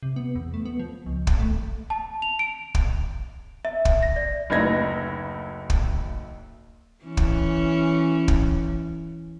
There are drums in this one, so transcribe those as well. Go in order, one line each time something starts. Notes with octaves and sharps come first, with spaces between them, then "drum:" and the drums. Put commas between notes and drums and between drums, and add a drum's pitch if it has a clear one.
C3
B3
E2
A3
B3
F3
C#2
drum: kick
A3
A5
F7
D7
drum: kick
E5
drum: kick
A#6
D5
F#1 D2 D#4 B4 G#6 A#6
drum: kick
E3 C#4
drum: kick
drum: kick